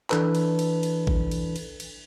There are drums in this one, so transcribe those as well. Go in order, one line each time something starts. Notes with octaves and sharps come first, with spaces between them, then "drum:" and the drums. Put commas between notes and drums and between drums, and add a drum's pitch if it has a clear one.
E3 D4 A4 B4, drum: clap
drum: cymbal
drum: cymbal
drum: cymbal
drum: kick A1
drum: cymbal
drum: cymbal
drum: cymbal